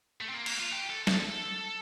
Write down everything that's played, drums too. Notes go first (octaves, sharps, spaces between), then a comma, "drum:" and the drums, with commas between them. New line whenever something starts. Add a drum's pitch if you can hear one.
A3
C4
A#3
A#3, drum: cymbal
F4
G4
A4
A4, drum: snare